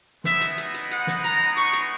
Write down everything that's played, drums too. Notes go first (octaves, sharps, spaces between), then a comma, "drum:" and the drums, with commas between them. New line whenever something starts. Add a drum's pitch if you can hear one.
G#3 B3 D#4 E5, drum: snare
drum: hi-hat
drum: hi-hat
drum: hi-hat
F#5, drum: hi-hat
drum: snare
A#5, drum: hi-hat
C#6, drum: hi-hat
drum: hi-hat